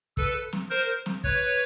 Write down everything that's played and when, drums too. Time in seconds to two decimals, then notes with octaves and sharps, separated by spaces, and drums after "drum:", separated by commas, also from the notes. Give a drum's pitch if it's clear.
0.17 A4 B4, drum: kick
0.53 drum: snare
0.70 A#4 C5
1.06 drum: snare
1.24 B4 C#5, drum: kick